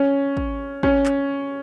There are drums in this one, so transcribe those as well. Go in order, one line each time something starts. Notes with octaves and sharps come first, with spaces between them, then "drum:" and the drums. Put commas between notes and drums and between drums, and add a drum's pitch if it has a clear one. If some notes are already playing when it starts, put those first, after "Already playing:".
Already playing: C#4
drum: kick
C#4, drum: kick
drum: clap